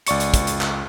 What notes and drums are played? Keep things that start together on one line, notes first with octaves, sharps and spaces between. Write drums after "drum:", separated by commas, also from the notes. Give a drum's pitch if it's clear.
C#2 D5 C#6 C#7, drum: hi-hat
drum: hi-hat
drum: kick, hi-hat
drum: hi-hat
drum: clap